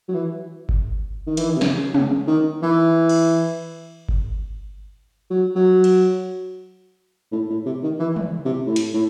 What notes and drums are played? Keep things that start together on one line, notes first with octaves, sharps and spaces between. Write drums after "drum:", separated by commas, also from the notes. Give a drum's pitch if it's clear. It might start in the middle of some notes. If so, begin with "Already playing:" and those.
F#3
E3
drum: kick G1
D#3
E3, drum: hi-hat
D#3
C3
C#3, drum: snare
C#3, drum: tom
D#3
E3
drum: cymbal
drum: kick G1
F#3
F#3
drum: cymbal
A2
A2
C3
D#3
E3
drum: tom
C3
A2
drum: hi-hat
A2